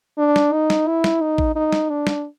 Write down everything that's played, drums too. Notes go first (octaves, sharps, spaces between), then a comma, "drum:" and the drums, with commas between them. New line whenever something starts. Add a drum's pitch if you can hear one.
D4
drum: snare
D#4
drum: snare
E4
drum: snare
D#4
drum: kick A1
D#4
drum: snare
D4
drum: snare